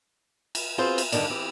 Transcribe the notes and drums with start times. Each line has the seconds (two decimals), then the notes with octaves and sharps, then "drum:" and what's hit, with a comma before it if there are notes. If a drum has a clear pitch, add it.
0.55 drum: cymbal
0.78 C4 F4 F#4 G#4 B4 C5
0.98 drum: cymbal
1.12 E2 G2 B2 D3 D#3 D4, drum: cymbal
1.30 E3 C4 G4 G#4